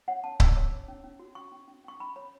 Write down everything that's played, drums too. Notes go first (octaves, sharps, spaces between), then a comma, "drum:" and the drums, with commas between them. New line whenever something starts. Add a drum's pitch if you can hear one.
C#5 F#5
C#4 A5
C#4 E6, drum: kick C#1
C#5 D6
C#5
C#4
C#4
F#4
C#4 C#6
C#4
C#4
C#4 C#6
C#4 B5
C#5 B5